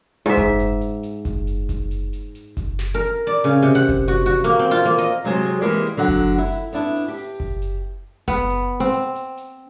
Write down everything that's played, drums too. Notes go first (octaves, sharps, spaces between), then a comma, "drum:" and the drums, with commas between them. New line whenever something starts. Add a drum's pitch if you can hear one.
G#2 E5
drum: kick F#1, hi-hat
drum: hi-hat
drum: hi-hat
drum: hi-hat
drum: kick F#1, hi-hat
drum: hi-hat
drum: kick F#1, hi-hat
drum: hi-hat
drum: hi-hat
drum: hi-hat
drum: kick F#1, hi-hat
drum: snare
A#4
D5
C#3, drum: open hi-hat
C3
F#5
drum: kick F#1, hi-hat
F#4, drum: hi-hat
F#4
A#3
C4
F4
A#3
D#5
C3 F#3 G#3 G#4 C5
drum: hi-hat
E3 G#3 A#3 G4 D5
drum: hi-hat
D3 F#3 F#5
drum: kick F#1, hi-hat
E4
drum: hi-hat
B3 D4 E4, drum: hi-hat
drum: open hi-hat
G4
drum: open hi-hat
drum: kick F#1
drum: hi-hat
B3, drum: kick F#1, hi-hat
drum: hi-hat
C4
drum: hi-hat
drum: hi-hat
drum: hi-hat